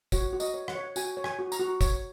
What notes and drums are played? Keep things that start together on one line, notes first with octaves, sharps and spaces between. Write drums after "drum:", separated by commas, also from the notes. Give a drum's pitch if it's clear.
F#4 C#5, drum: kick, tambourine
F#4
D#5, drum: tambourine
C#5
F#5, drum: rim click
C#5
F#4 G#5, drum: tambourine
C#5
G#5, drum: rim click
F#4
A#5, drum: tambourine
F#4
C#5, drum: kick, tambourine